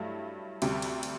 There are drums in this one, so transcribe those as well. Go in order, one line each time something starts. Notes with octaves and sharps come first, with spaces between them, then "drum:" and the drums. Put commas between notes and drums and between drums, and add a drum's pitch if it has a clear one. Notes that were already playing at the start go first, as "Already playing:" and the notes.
Already playing: G2 F#3 A3 E4
D2 C3 G3, drum: cymbal
drum: cymbal
drum: cymbal